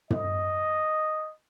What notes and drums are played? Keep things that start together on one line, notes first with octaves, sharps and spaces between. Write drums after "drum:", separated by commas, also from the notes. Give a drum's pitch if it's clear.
D#5, drum: tom